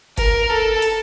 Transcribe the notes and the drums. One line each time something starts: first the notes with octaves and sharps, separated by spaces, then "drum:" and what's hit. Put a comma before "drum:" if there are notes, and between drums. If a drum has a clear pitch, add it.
A#4, drum: kick F#1, hi-hat
A4
drum: hi-hat